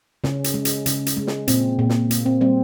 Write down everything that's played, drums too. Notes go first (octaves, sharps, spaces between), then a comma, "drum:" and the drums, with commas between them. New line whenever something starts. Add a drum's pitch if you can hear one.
C#3 C#4, drum: snare
drum: hi-hat
G#3
drum: hi-hat
C#3, drum: hi-hat
drum: hi-hat
G#3
drum: snare
A#2 C4, drum: hi-hat
A#2
drum: snare
A#3, drum: hi-hat
C4
G3 C4